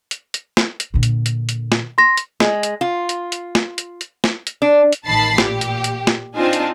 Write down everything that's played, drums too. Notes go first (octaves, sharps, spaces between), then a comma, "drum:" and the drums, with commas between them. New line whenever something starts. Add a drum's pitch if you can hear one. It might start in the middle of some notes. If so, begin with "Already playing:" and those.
drum: hi-hat
drum: hi-hat
drum: snare
drum: hi-hat
A#2 D3
drum: hi-hat
drum: hi-hat
drum: hi-hat
drum: snare
C6 A#6
drum: hi-hat
G#3, drum: snare
drum: hi-hat
F4
drum: hi-hat
drum: hi-hat
drum: snare
drum: hi-hat
drum: hi-hat
drum: snare
drum: hi-hat
D4
drum: hi-hat
A1 D#3 A5 B5 A6 C7
A#2 G4, drum: snare
drum: hi-hat
drum: hi-hat
drum: snare
C4 D4 D#4 F4 G#5 A5
drum: hi-hat